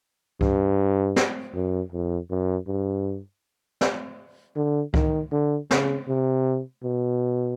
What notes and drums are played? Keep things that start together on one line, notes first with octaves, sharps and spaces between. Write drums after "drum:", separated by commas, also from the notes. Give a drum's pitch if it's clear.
G2, drum: kick C#2
drum: snare
F#2
F2
F#2
G2
drum: snare
D3
D#3, drum: kick C#2
D3
C#3, drum: snare
C3
B2